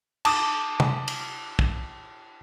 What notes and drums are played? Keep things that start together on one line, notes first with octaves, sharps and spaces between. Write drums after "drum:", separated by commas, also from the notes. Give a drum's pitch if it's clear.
A5 D6 D#6, drum: cymbal
drum: tom
drum: cymbal
drum: kick